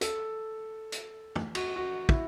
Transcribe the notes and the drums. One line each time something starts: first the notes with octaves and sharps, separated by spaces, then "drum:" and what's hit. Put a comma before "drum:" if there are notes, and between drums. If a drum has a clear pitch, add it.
A4, drum: hi-hat
drum: hi-hat
drum: tom
F#4, drum: cymbal
F#4
E4, drum: kick